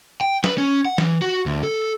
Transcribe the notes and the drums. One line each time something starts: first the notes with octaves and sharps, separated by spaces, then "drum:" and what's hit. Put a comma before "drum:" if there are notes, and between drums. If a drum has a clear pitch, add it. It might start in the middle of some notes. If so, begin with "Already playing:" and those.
G5
B4, drum: snare
C#4
F#5
E3, drum: snare
F#4
D2
A4